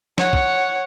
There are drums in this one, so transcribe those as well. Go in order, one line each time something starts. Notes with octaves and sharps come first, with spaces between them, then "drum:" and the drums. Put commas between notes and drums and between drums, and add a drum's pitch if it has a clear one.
C#5 F#5, drum: snare
drum: kick